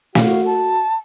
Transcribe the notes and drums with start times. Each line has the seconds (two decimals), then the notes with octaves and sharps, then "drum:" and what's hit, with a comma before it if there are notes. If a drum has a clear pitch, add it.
0.15 F#4 F5, drum: snare
0.45 A5